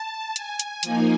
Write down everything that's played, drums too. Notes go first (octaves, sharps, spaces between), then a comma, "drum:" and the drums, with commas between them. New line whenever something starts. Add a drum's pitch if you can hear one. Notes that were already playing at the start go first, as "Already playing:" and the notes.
Already playing: A5
G#5, drum: hi-hat
drum: hi-hat
F3 A#3 D#4, drum: hi-hat